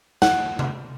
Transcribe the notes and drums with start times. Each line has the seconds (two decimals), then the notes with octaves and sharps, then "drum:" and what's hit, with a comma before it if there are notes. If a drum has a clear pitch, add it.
0.22 F#5, drum: snare
0.59 drum: tom C3